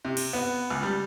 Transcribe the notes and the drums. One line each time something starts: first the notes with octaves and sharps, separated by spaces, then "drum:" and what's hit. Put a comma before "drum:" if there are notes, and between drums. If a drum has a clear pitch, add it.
C3
drum: cymbal
B3
C#2
G3